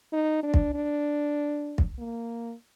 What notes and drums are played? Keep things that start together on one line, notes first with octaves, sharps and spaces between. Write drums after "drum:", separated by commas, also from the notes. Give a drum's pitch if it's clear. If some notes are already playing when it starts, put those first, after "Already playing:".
D#4
D4
drum: kick
D4
drum: kick
A#3